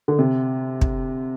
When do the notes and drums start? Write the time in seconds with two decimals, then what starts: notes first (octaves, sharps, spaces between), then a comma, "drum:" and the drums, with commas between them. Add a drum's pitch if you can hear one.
0.08 D3
0.19 C3
0.81 drum: kick